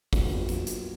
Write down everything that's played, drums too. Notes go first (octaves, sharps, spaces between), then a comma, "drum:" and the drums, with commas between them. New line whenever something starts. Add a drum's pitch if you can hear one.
E2 A#2 F#3 B3 D4 G4, drum: kick, open hi-hat
F2
drum: hi-hat
drum: hi-hat